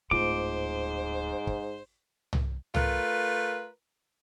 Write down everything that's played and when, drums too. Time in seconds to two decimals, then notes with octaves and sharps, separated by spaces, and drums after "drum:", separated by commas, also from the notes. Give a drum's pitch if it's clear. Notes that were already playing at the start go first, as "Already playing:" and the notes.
0.11 D1 G#2 F4 C5 D6
1.47 drum: kick
2.33 drum: tom C2
2.75 A3 F4 A#4 B4, drum: tom C2